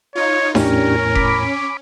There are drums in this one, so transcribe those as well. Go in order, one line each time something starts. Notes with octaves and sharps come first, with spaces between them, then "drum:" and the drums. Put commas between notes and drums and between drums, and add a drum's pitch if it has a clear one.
D#4 F4 C#5
E2 A2 C#4 D4 G4 A#4, drum: snare D#4
B5 D6, drum: kick F1